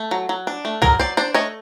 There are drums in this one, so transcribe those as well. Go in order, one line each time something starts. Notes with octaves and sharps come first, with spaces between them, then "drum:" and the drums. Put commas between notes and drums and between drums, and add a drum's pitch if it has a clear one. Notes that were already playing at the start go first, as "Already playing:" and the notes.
Already playing: A3
F#3
F#3
D4
A3
F#3 G#4 A#4, drum: tom
F#3 C5 D5
D4 C5 D5
A3 C#5 D#5